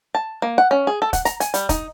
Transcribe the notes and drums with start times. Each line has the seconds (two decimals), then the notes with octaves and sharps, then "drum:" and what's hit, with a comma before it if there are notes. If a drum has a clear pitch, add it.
0.15 A5
0.42 A#3
0.58 F#5
0.71 C#4
0.87 G#4
1.02 A4
1.13 F#5, drum: kick, hi-hat
1.25 A#5, drum: hi-hat
1.40 G#5, drum: hi-hat
1.54 G3, drum: hi-hat
1.69 D#4, drum: kick, hi-hat